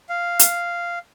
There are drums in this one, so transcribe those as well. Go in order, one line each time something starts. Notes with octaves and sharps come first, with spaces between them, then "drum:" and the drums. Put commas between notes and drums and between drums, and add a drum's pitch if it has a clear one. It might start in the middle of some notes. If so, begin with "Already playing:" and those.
F5
drum: hi-hat